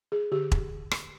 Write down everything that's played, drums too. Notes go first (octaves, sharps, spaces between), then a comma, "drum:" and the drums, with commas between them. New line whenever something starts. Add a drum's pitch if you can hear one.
G#4
D3 G4
drum: kick E1
drum: rim click